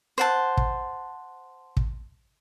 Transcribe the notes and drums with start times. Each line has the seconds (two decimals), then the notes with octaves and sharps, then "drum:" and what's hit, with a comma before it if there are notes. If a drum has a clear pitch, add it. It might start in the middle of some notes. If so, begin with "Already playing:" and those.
0.18 C5 F#5 A5
0.57 drum: kick
1.77 drum: kick